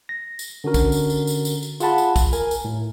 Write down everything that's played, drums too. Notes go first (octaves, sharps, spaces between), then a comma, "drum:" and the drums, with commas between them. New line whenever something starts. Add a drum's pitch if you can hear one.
A#6
drum: tambourine
D3 C#4 F#4 A#4
drum: kick, tambourine
drum: tambourine
drum: tambourine
drum: tambourine
drum: tambourine
drum: tambourine
F4 G#4 F5 F#5 A5 B5, drum: tambourine
drum: tambourine
drum: kick, tambourine
A#4 G#5, drum: tambourine
drum: tambourine
A2